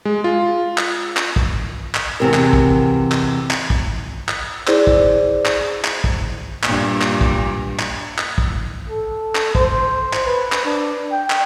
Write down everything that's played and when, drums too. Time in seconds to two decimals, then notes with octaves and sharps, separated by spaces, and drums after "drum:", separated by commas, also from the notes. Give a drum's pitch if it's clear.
0.05 G#3
0.24 F4
0.78 drum: clap
1.17 drum: clap
1.36 drum: kick
1.95 drum: clap
2.20 E2 C3 A#4
2.34 drum: clap
2.53 drum: kick
3.12 drum: clap
3.51 drum: clap
3.70 drum: kick
4.29 drum: clap
4.67 E4 G#4 C5 D5, drum: clap
4.87 drum: kick
5.46 drum: clap
5.85 drum: clap
6.04 drum: kick
6.63 G2 A#2, drum: clap
7.01 drum: clap
7.21 drum: kick
7.79 drum: clap
8.18 drum: clap
8.38 drum: kick
8.89 A4
9.35 drum: clap
9.55 C5, drum: kick
10.13 drum: clap
10.26 B4
10.52 drum: clap
10.65 D4
11.12 G5
11.30 drum: clap